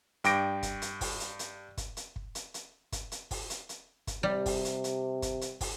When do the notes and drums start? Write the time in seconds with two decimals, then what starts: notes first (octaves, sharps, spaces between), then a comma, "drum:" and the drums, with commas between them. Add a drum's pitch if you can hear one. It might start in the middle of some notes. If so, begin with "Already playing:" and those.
0.24 G2 G5 D6 A#6 D7, drum: hi-hat
0.63 drum: kick, hi-hat
0.82 drum: hi-hat
1.01 drum: kick, open hi-hat
1.20 drum: hi-hat
1.39 drum: hi-hat
1.77 drum: kick, hi-hat
1.97 drum: hi-hat
2.16 drum: kick
2.35 drum: hi-hat
2.54 drum: hi-hat
2.92 drum: kick, hi-hat
3.12 drum: hi-hat
3.31 drum: kick, open hi-hat
3.50 drum: hi-hat
3.69 drum: hi-hat
4.07 drum: kick, hi-hat
4.23 C3 G3
4.46 drum: kick, open hi-hat
4.65 drum: hi-hat
4.84 drum: hi-hat
5.22 drum: kick, hi-hat
5.41 drum: hi-hat
5.61 drum: kick, open hi-hat